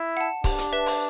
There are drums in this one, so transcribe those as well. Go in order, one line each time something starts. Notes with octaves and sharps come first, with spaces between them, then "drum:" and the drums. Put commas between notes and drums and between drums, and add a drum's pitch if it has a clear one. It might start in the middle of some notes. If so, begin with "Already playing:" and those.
Already playing: E4
F#5 A5
D4 G4, drum: kick C#1, open hi-hat
drum: hi-hat
B4 E5 A5
drum: open hi-hat